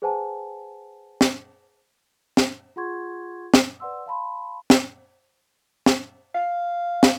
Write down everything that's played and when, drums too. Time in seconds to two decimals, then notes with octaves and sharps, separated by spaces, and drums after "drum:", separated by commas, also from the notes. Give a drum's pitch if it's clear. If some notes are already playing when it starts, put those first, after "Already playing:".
0.02 G#4 B4 C5 F#5 G#5 A5
1.21 drum: snare
2.37 drum: snare
2.76 F4 G#4 F#5 C6 C#6 G#6
3.54 drum: snare
3.80 B4 D5 F#5 C6 E6
4.06 F5 A5 B5 C6
4.70 drum: snare
5.86 drum: snare
6.35 F5
7.03 drum: snare